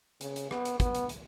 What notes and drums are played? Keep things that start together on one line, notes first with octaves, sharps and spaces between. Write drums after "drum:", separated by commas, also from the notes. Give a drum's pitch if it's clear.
C#3, drum: hi-hat
drum: hi-hat
B3, drum: rim click
drum: hi-hat
B3, drum: kick, hi-hat
drum: hi-hat
drum: hi-hat